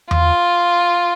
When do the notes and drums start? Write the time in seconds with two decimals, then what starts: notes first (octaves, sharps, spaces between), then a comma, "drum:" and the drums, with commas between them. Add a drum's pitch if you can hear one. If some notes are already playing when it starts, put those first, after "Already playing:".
0.11 F4, drum: tom E2